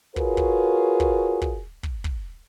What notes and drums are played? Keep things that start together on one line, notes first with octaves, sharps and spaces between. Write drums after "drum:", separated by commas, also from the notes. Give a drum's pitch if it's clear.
F4 F#4 G#4 A#4 B4 C#5, drum: kick
drum: kick
drum: kick
drum: kick
drum: kick
drum: kick